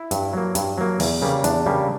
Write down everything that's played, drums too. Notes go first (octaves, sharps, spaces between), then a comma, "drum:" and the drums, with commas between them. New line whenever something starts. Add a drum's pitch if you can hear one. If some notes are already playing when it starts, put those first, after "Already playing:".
Already playing: E4
G2, drum: hi-hat
F#3 A#3
G2, drum: hi-hat
F#3 A#3
E2, drum: open hi-hat
C#3 G3 A#3
E2 D4, drum: hi-hat
C#3 G3 A#3